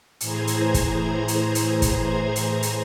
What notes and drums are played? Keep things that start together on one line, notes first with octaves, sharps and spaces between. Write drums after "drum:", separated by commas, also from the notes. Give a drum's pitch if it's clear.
A2 E3 G#4 C5 A#5 G#6, drum: hi-hat
drum: hi-hat
drum: kick, hi-hat
drum: hi-hat
drum: hi-hat
drum: kick, hi-hat
drum: hi-hat
drum: hi-hat